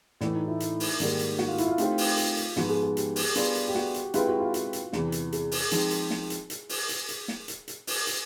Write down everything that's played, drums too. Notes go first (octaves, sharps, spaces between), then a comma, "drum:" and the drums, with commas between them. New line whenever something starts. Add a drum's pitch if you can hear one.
A2 E3 A3 D4, drum: snare
D#4
E4
drum: hi-hat
drum: open hi-hat
G#2 D#3 G3 A#3, drum: hi-hat
drum: hi-hat
F#4, drum: snare
F4
E4, drum: hi-hat
F4
A3 C4 D#4 G4 C5, drum: hi-hat
drum: open hi-hat
drum: hi-hat
drum: hi-hat
G#2 F3 G#3 B3 F#4, drum: snare
G#4
G#4
G4, drum: hi-hat
drum: open hi-hat
G3 B3 D4 F4 G#4, drum: hi-hat
drum: hi-hat
G4
F#4, drum: snare
drum: hi-hat
G#3 C4 E4 F4 G4 B4, drum: hi-hat
F#4
F4
F4, drum: hi-hat
drum: hi-hat
E2 C3 E3, drum: snare
drum: hi-hat
G#4, drum: hi-hat
drum: open hi-hat
F3 G#3 C4 D#4, drum: hi-hat
drum: hi-hat
drum: snare
drum: hi-hat
drum: hi-hat
drum: open hi-hat
drum: hi-hat
drum: hi-hat
drum: snare
drum: hi-hat
drum: hi-hat
drum: open hi-hat
drum: hi-hat